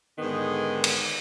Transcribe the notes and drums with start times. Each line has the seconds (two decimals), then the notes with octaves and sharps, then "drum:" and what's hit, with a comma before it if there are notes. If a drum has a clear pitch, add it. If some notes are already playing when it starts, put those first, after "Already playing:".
0.19 G#2 D3 D#3 B3 G#4
0.84 drum: cymbal